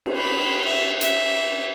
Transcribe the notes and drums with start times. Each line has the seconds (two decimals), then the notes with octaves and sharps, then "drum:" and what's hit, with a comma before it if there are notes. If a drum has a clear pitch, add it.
0.06 drum: cymbal
0.17 B5
0.65 E5
1.01 E5, drum: hi-hat